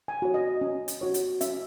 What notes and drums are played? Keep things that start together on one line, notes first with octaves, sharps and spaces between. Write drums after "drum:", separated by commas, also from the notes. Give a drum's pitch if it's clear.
G#5
F#4 C#5
D#5
C#4
drum: hi-hat
F#4 C#5
drum: hi-hat
C#4 E5, drum: hi-hat